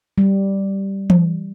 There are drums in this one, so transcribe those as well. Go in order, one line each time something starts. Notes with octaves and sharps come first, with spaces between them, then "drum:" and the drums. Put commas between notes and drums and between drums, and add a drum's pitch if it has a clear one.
G3
drum: tom E3